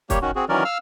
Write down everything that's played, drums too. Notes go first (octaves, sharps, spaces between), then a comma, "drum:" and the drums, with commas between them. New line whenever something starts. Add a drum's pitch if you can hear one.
G3 A#3 G4 C#5, drum: kick, hi-hat
D#3 C#4 F#4
C4 F#4 G#4
D#3 E3 F#3 C#4 A#4 D5
F5 E6 F6